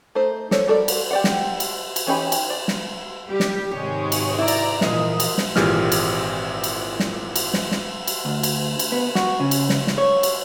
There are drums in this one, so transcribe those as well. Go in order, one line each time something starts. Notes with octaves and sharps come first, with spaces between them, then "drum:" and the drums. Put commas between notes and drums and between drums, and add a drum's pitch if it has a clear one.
A3 D#4 C5
A4 C5 C#5, drum: snare
G3 F#4 A4 A#4 D5
drum: cymbal
G4 D5 F#5
drum: snare
drum: cymbal
drum: cymbal
E3 C#4 D#4 G4 B5
drum: cymbal
D5
drum: snare
G3 G4
drum: snare
G#2 C3 D#3 G#3 G4 C#5
drum: cymbal
E4 D5 A#5
drum: cymbal
A#2 E3 F3 G#3 A#4 D#5, drum: snare
drum: cymbal
drum: snare
G#1 A#2 E3 G4 G#4 F6, drum: snare
drum: cymbal
drum: cymbal
drum: snare
drum: cymbal
drum: snare
drum: snare
drum: cymbal
D2
drum: cymbal
drum: cymbal
B3
F#4, drum: snare
C#3
drum: cymbal
drum: snare
drum: snare
C#5
drum: cymbal